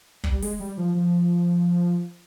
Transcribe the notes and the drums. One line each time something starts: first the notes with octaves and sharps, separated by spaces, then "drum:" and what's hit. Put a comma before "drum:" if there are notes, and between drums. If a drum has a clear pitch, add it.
G3, drum: kick
G#3, drum: open hi-hat
G3
F3
F3